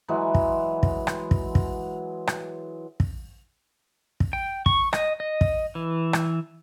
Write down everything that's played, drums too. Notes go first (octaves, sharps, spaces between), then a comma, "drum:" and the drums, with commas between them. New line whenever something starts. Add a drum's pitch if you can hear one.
E3 F#3 G#3
drum: kick
drum: kick
drum: rim click
drum: kick
drum: kick
drum: rim click
drum: kick
drum: kick
G5
C#6, drum: kick
D#5, drum: rim click
D#5
drum: kick
E3
drum: rim click